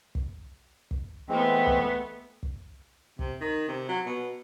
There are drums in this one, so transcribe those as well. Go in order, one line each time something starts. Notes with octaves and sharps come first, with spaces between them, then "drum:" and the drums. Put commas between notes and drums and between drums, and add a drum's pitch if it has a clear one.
drum: kick
drum: kick
E3 G#3 A3 B3 C4
drum: kick
drum: kick
C3, drum: kick
D#3
C3
F#3
B2